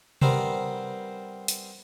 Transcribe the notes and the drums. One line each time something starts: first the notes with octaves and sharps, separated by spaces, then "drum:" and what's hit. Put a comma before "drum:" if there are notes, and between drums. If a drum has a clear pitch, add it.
G3 B3 C4 A#4 C5, drum: tom C3
drum: open hi-hat